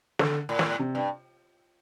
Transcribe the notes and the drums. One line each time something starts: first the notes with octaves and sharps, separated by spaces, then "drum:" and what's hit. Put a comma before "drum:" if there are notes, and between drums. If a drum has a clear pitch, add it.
D3, drum: snare
A2
drum: snare
C3
G2